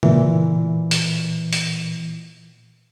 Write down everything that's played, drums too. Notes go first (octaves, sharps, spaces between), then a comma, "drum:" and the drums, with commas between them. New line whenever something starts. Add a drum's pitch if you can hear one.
A#2 E3, drum: tom C#3
drum: hi-hat
drum: hi-hat